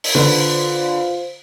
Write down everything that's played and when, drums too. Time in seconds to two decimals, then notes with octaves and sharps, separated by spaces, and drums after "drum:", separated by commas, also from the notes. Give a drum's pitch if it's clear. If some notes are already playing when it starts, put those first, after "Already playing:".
0.04 drum: open hi-hat
0.15 D3 F4 B4 C5